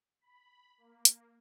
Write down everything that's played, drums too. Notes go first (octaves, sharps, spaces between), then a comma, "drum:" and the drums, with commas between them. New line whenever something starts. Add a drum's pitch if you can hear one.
B5
A#3
drum: hi-hat